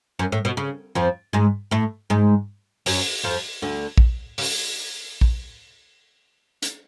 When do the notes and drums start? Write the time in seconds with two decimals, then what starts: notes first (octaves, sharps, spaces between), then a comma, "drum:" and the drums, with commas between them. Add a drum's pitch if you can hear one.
0.19 F#2
0.32 A2
0.45 B2
0.57 C#3
0.95 F2 F3
1.33 G#2 G#3
1.71 A2 A3
2.10 G#2 G#3
2.86 F#2 F#3, drum: open hi-hat
3.23 F2 F3
3.62 D2 D3
3.98 drum: kick A#1
4.38 C#3, drum: open hi-hat
5.21 drum: kick A#1
6.63 drum: hi-hat